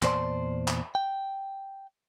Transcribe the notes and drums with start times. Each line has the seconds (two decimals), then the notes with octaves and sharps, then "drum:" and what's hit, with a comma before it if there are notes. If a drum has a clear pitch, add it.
0.02 E2 A#2 C5 D5 A5 C6, drum: clap
0.68 drum: clap
0.95 G5